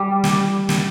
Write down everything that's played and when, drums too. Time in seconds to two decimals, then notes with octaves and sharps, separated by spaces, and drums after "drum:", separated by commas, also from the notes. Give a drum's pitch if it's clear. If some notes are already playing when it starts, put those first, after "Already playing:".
Already playing: G3
0.24 drum: snare
0.69 drum: snare